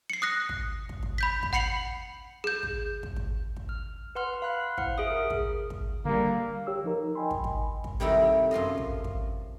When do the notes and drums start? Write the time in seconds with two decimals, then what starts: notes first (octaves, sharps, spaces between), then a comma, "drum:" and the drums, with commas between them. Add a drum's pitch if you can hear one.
0.10 C7 C#7
0.22 D#6 F#6 A#6
0.49 drum: kick
0.89 drum: kick
1.03 drum: kick
1.18 B5 G6 B6
1.43 drum: kick
1.53 F#5 B5 C7 C#7 F7 F#7
2.44 G#4 G6
2.63 drum: kick
3.03 drum: kick
3.16 drum: kick
3.57 drum: kick
3.69 F6
4.15 B4 F#5 C6 F6
4.42 F5 B5 F#6
4.78 E4 C5 F#5 F6, drum: kick
4.98 G#4 E5 D#6
5.11 A#4
5.30 drum: kick
5.70 drum: kick
6.05 D3 G3 A#3
6.67 G4 C#5 E6
6.84 F3 D#4 A#4
7.15 D#5 G5 G#5 B5 C6
7.31 drum: kick
7.44 drum: kick
7.84 drum: kick
8.00 C3 D#3 G3 D#4 E4 A4
8.51 F#2 F3 F4 D#5
8.78 drum: kick
9.04 drum: kick